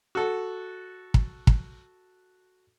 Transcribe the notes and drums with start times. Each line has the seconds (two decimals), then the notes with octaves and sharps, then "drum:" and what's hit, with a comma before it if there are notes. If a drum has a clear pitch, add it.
0.15 F#4 A4
1.14 drum: kick
1.47 drum: kick